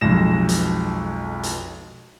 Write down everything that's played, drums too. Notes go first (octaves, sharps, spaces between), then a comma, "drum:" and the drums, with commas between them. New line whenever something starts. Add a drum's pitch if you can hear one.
B1 F2 G#3 A#6 E7
drum: hi-hat
drum: hi-hat